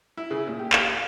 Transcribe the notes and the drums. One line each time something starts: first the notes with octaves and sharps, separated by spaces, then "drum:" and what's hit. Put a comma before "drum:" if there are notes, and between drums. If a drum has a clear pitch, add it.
E4
C#3
A#2
G4
F5, drum: clap
F5